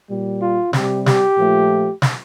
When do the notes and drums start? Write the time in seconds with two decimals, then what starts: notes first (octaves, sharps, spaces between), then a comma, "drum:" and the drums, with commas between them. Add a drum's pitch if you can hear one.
0.09 A#2 G3
0.41 F4
0.73 C3 G3 G4, drum: snare
1.06 G4, drum: snare
1.38 A#2 F3 A3
2.02 drum: snare